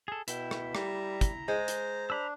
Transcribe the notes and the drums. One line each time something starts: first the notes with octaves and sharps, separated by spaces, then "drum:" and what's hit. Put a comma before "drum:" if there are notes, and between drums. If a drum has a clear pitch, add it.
G#4 A4
B2 E4 G5, drum: hi-hat
drum: rim click
G3 A#5, drum: rim click
drum: kick, hi-hat
G#3 C5
drum: hi-hat
D4 A#5 B5 E6